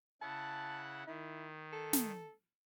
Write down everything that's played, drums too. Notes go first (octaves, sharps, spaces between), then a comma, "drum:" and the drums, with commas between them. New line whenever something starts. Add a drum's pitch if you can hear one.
C#3 E4 F#5 A5
D#3 E4
A4
drum: snare